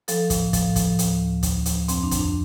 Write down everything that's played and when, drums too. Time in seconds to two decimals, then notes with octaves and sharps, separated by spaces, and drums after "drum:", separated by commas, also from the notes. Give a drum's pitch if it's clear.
0.08 F3 A4, drum: hi-hat
0.30 A2, drum: kick, hi-hat
0.53 F3, drum: kick, hi-hat
0.76 F3, drum: kick, hi-hat
0.99 D2, drum: hi-hat
1.21 D2
1.43 D2, drum: kick, hi-hat
1.66 F3, drum: hi-hat
1.88 F2 C4, drum: hi-hat
2.03 D4
2.11 F2, drum: kick, hi-hat
2.18 D4